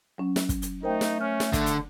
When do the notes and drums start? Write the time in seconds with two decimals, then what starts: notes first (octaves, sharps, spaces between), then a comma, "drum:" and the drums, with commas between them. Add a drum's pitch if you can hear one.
0.18 F#3 C#4
0.36 drum: snare
0.49 drum: kick, hi-hat
0.62 drum: hi-hat
0.83 A3 D#4 A#4 C5 G5
1.01 drum: snare
1.21 C#4 F6
1.40 drum: snare
1.53 D3 A4, drum: kick, hi-hat
1.66 drum: hi-hat